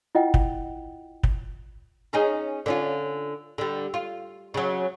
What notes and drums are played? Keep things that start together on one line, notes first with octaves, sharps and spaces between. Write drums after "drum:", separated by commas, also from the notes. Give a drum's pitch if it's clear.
E4 F4 D#5 F#5 G5
drum: kick
drum: kick
C#4 D#4 G#4
D3 C#4 F4
D3 G3
F4
C#3 F#3